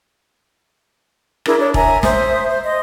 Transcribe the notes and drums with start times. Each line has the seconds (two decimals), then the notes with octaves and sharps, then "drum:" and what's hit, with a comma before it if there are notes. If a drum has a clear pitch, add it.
1.46 D4 E4 G#4 A#4, drum: rim click
1.59 D4 C#5
1.74 E5 G#5 A#5, drum: kick E1
2.03 C5 E5 D#6, drum: snare
2.48 C5
2.64 D#5 C6